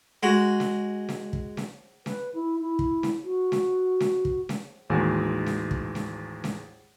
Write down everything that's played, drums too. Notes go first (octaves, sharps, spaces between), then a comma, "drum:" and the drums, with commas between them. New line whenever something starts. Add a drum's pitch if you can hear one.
G#3 F#4
drum: snare C#4
drum: snare C#4
drum: kick
drum: snare C#4
B4, drum: snare C#4
E4
E4
drum: kick
drum: snare C#4
F#4
drum: snare C#4
drum: snare C#4
drum: kick
drum: snare C#4
A1 D#2 D#3 G#3 F#4 G#5
drum: snare C#4
drum: kick
drum: snare C#4
drum: snare C#4